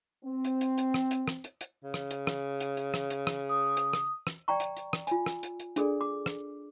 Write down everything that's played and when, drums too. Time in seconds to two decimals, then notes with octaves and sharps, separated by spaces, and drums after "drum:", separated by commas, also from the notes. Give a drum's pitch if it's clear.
0.25 C4
0.44 drum: hi-hat
0.61 drum: hi-hat
0.78 drum: hi-hat
0.94 drum: rim click
1.11 drum: hi-hat
1.28 drum: rim click
1.44 drum: hi-hat
1.61 drum: hi-hat
1.83 C#3
1.94 drum: rim click
2.11 drum: hi-hat
2.27 drum: rim click
2.60 drum: hi-hat
2.77 drum: hi-hat
2.94 drum: rim click
3.10 drum: hi-hat
3.27 drum: rim click
3.49 D#6
3.77 drum: hi-hat
3.93 drum: rim click
4.27 drum: rim click
4.48 D5 G5 A#5 C#6
4.60 drum: hi-hat
4.77 drum: hi-hat
4.93 drum: rim click
5.07 F4 G#5, drum: hi-hat
5.26 drum: rim click
5.43 drum: hi-hat
5.60 drum: hi-hat
5.76 D4 G#4 A4 D5, drum: hi-hat
6.01 D6
6.26 drum: rim click